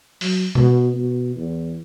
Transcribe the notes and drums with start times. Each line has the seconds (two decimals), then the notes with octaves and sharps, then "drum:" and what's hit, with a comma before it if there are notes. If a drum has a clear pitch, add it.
0.21 F#3, drum: open hi-hat
0.55 B2, drum: tom B2
0.94 B2
1.36 E2